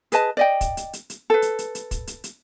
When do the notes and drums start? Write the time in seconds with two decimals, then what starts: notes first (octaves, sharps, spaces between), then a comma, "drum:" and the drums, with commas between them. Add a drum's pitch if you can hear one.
0.12 G#4 B4 D#5 A5, drum: hi-hat
0.37 D5 D#5 G5
0.61 drum: kick, hi-hat
0.77 drum: hi-hat
0.93 drum: hi-hat
1.10 drum: hi-hat
1.30 A4 B4
1.42 drum: hi-hat
1.59 drum: hi-hat
1.75 drum: hi-hat
1.91 drum: kick, hi-hat
2.07 drum: hi-hat
2.24 drum: hi-hat